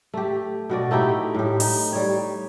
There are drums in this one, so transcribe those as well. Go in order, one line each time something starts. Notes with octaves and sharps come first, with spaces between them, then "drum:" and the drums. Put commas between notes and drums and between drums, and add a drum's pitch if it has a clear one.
A3 G4
B2 F#4 D5
A3 D#4 E4 G4
A2 G4
D#4, drum: open hi-hat
G3 C#5